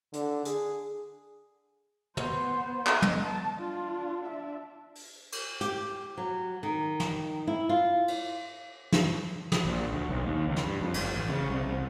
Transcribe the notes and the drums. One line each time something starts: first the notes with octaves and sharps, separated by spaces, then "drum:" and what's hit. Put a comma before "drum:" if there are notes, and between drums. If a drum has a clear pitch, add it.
D3, drum: hi-hat
G#4, drum: hi-hat
B3 C5, drum: tom
B3 D#5, drum: clap
drum: tom
A5
D4 F4
D4 E5
drum: open hi-hat
drum: cymbal
G4, drum: hi-hat
F#3
D#3
drum: snare
E4
F4
drum: cymbal
drum: snare
drum: snare
A#1
D2
B1
D#2
C#2
drum: snare
G2
F2
G1, drum: cymbal
A1
C#3
C2
C2